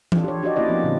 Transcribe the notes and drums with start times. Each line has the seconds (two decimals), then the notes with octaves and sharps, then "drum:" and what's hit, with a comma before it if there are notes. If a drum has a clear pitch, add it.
0.12 D4 F4 A4, drum: tom E3
0.24 G4 C#5
0.43 D4 F#4 G4 D5 D#5
0.56 A#3 C#4 E4 D5 D#5
0.69 F3 B3 C4
0.84 A#2 D3 C4